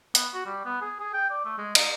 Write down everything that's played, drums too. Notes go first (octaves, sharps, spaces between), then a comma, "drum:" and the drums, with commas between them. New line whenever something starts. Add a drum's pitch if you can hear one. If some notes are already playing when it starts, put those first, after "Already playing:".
B3, drum: hi-hat
F#4
G3
B3
G#4
G#4
G5
D5
A3
G#3
D#4, drum: cymbal